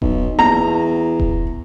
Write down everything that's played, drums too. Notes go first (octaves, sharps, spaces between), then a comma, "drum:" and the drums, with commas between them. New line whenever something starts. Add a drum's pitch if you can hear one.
B1, drum: kick D#1
E2 A#5
drum: kick D#1